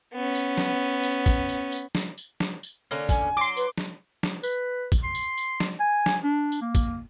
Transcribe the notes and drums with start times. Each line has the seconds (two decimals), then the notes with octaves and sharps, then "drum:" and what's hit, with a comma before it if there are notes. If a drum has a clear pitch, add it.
0.14 B3 C#4
0.35 drum: tambourine
0.58 drum: snare
1.03 drum: tambourine
1.26 drum: kick, tambourine
1.49 drum: tambourine
1.72 drum: tambourine
1.95 drum: snare
2.18 drum: tambourine
2.40 drum: snare
2.63 drum: tambourine
2.91 D3 A#3 C#4
3.09 G#5, drum: kick, tambourine
3.37 F#3 C6 D6
3.57 B4, drum: tambourine
3.78 drum: snare
4.23 drum: snare
4.43 B4, drum: tambourine
4.92 drum: kick, tambourine
5.03 C6
5.15 drum: tambourine
5.38 drum: tambourine
5.60 drum: snare
5.80 G#5
6.06 drum: snare
6.24 D4
6.52 drum: tambourine
6.61 A#3
6.75 drum: kick, tambourine